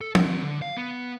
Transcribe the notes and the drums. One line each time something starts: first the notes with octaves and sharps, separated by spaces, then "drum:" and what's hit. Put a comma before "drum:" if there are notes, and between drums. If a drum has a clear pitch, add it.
A4
C4 F#4, drum: tom F3
D3
F5
B3